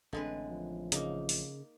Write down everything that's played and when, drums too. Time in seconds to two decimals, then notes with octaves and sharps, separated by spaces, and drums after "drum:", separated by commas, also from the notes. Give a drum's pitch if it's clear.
0.13 A1 D3 G#3 C4 B4
0.50 F3
0.92 C#3 A#3 D#4, drum: hi-hat
1.29 drum: open hi-hat